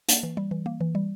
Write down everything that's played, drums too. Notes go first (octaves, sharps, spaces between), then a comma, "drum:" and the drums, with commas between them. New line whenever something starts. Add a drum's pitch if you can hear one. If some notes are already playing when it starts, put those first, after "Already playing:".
A#3, drum: hi-hat
E3
G3
E3
A#3
E3
G3